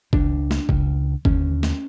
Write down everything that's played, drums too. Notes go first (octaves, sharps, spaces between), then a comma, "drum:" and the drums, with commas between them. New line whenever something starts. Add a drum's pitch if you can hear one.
C#2 C#3 D4, drum: kick
drum: snare A3
C#2 C#3, drum: kick
D#2 D3 C#4, drum: kick
drum: snare A3